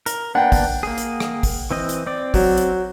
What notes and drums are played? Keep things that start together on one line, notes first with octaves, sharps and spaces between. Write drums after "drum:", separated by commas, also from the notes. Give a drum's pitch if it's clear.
A#4, drum: hi-hat
A#3 B3 D4 F#5 G5
drum: kick, open hi-hat
A#3 G#4
drum: hi-hat
drum: rim click
drum: kick, open hi-hat
E3 C4 D#5
drum: hi-hat
C4 D5
F#3, drum: kick, open hi-hat
drum: hi-hat